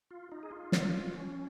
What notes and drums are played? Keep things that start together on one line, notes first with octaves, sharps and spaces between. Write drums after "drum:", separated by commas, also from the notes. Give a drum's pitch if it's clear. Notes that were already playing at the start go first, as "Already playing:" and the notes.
F4
D#4
G#4
F4
drum: snare
C#4